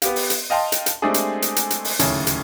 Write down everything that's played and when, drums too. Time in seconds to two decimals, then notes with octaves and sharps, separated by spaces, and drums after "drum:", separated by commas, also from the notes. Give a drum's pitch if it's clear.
0.02 B3 G4 F5, drum: hi-hat
0.16 drum: open hi-hat
0.30 drum: hi-hat
0.50 D#5 F5 G5 A5 C6
0.72 drum: hi-hat
0.86 drum: hi-hat
1.02 G#3 A3 C4 D4 G4 G#4
1.14 drum: hi-hat
1.42 drum: hi-hat
1.56 drum: hi-hat
1.70 drum: hi-hat
1.85 drum: open hi-hat
1.99 D1 D#2 C#3 A3 C#5 G#5, drum: hi-hat
2.27 drum: hi-hat